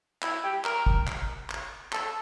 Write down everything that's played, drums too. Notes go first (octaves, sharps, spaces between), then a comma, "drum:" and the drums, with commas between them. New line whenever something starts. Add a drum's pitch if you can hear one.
E4, drum: clap
G4
A#4, drum: clap
drum: kick
drum: clap
drum: clap
A4, drum: clap